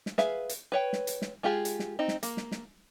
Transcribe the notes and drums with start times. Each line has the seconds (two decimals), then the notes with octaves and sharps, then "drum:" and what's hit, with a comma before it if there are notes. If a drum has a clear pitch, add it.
0.06 drum: snare
0.18 G#4 B4 E5 F5, drum: snare
0.49 drum: hi-hat
0.72 B4 C#5 G5
0.93 drum: snare
1.07 drum: hi-hat
1.22 drum: snare
1.43 G#3 F4 G4 G#4
1.65 drum: hi-hat
1.79 drum: snare
1.99 C4 D#4
2.08 drum: snare
2.23 A#3, drum: hi-hat
2.37 drum: snare
2.52 drum: snare